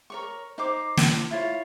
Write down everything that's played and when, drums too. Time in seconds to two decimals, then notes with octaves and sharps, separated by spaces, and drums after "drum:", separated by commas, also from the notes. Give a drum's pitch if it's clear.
0.10 A#4 C#5 C#6
0.58 D#4 C5 D6
0.97 drum: snare
1.31 E4 F4 C#5